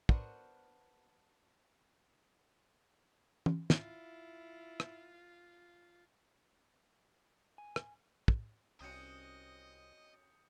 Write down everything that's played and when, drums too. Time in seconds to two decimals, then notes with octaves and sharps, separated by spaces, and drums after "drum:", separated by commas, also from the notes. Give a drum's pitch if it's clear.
0.09 B3 D4 F#4 A#4 C5, drum: kick
3.46 drum: tom
3.70 E4 F4, drum: snare
4.80 drum: rim click
7.58 G#5
7.76 drum: rim click
8.28 drum: kick
8.81 C2 C4 C#4 F#4 D#5 D#6 G6 C#7